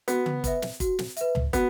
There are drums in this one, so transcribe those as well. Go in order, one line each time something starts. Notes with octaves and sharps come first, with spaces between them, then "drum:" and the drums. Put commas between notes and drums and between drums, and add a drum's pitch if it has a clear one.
B3 F#4, drum: hi-hat
drum: tom C#3
B4 E5, drum: kick, hi-hat
drum: snare
F#4, drum: kick, hi-hat
drum: snare
B4 E5, drum: hi-hat
drum: tom C#2
B3 F#4, drum: kick, hi-hat